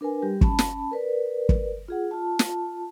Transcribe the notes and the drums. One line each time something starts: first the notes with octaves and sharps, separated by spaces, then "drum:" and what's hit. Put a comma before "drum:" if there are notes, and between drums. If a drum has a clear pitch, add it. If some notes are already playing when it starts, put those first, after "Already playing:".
D4 A#4 B4 G#5
G3 G4
C#4 A5 B5, drum: kick
drum: snare
A#4 B4 D5
drum: kick
F4 G#4 F#5
F4 A5
drum: snare